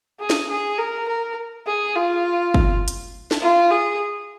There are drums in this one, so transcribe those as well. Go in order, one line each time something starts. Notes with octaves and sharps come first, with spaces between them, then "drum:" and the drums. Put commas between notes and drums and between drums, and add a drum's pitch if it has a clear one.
G#4
drum: snare
G#4
A#4
A#4
G#4
F4
drum: kick
drum: hi-hat
drum: snare
F4
G#4